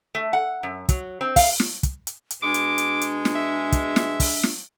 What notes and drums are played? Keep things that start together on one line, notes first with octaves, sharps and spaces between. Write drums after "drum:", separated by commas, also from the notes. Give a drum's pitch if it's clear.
A3
F#5
F#2
F#3, drum: kick, hi-hat
C4
F5, drum: kick, open hi-hat
drum: snare
drum: kick, hi-hat
drum: hi-hat
drum: hi-hat
B2 G#3 D4 D6
drum: hi-hat
drum: hi-hat
drum: hi-hat
drum: snare
E5
drum: kick, hi-hat
drum: snare
drum: kick, open hi-hat
drum: snare